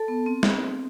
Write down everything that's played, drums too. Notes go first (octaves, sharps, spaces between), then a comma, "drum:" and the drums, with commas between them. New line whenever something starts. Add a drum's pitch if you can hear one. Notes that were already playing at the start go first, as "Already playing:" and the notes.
Already playing: A4 A5
B3
C4
drum: snare